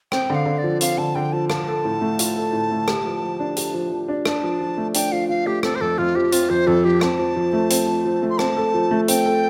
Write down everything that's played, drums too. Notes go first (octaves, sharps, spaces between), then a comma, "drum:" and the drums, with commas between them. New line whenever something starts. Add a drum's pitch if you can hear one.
C4 G5, drum: rim click
D3 F5
D3
D5
F3
C4 F5, drum: hi-hat
D3 A5
D3 G5
F3 A5
F4 A5, drum: rim click
A4
A2
A3
F4, drum: hi-hat
A4
A2
A3
G4, drum: rim click
F3
F3
D4
G4, drum: hi-hat
F3
F3
D4
D4 A5, drum: rim click
F3
F3
A3
D4 G5, drum: hi-hat
F3 F5
F3 F5
A3 G4
C4 A4, drum: rim click
C5
F2 A4
F2 F4
F3 G4
C4 F4, drum: hi-hat
F2 C5
F2 A4
F3 G4
C4 A5, drum: rim click
F3
F3
A3
C4, drum: hi-hat
F3
F3
A3
C6
C4 A5, drum: rim click
A4
F3
A3
C4 G5, drum: hi-hat
A4